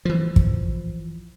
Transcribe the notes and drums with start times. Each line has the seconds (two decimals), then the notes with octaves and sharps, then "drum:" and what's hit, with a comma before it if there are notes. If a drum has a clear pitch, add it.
0.05 E3 F3
0.36 drum: kick